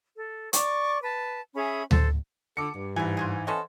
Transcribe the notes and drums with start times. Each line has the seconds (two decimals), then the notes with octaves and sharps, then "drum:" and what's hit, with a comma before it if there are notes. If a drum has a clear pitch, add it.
0.16 A4
0.53 D5 C#6 D6, drum: hi-hat
1.02 B4 A5
1.55 C#4 G#4 E5 B5
1.91 A4 C5, drum: tom D2
2.57 D3 F#4 A4 D6 C#7
2.75 G2
2.96 G#2 E3 B3 G#5
3.17 F4 F#4 G#4
3.47 B3 C#4 F#4 A4 C5 D#5